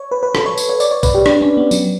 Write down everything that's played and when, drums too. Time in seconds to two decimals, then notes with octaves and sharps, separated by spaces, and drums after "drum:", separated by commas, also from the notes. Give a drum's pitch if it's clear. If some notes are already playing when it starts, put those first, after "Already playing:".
Already playing: C#5
0.11 B4
0.23 B4
0.35 A4, drum: rim click
0.46 C#5
0.58 drum: tambourine
0.69 C#5
0.80 D5, drum: tambourine
0.91 C#5
1.03 B4, drum: kick, tambourine
1.14 G4
1.26 D4, drum: rim click
1.41 C#4
1.57 B3
1.71 F#3, drum: tambourine